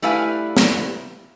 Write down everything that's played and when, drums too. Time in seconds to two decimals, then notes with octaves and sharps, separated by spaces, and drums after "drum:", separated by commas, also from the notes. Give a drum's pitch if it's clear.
0.02 G3 A3 E4 B4 F5 G#5
0.57 drum: snare